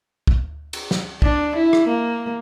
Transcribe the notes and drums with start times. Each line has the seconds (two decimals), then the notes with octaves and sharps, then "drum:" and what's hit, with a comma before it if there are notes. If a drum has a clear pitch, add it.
0.27 drum: kick
0.73 drum: cymbal
0.91 drum: snare
1.22 D4, drum: kick
1.56 E4
1.73 drum: rim click
1.88 A#3